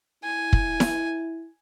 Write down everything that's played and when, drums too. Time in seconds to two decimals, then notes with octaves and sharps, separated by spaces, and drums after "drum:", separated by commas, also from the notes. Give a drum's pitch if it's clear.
0.24 E4 G#5
0.53 drum: kick
0.80 drum: snare E4